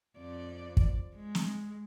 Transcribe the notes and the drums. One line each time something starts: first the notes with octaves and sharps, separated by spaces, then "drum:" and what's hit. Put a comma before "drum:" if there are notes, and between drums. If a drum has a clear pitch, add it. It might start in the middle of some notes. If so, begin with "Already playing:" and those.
F2 D5
drum: kick
G#3
drum: snare